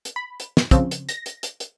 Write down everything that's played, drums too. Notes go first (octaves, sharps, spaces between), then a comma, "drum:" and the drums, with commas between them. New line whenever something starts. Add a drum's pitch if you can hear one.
drum: hi-hat
B5
drum: hi-hat
drum: snare
C#3 F3 C4, drum: kick, hi-hat
drum: hi-hat
A#6, drum: hi-hat
drum: hi-hat
drum: hi-hat
drum: hi-hat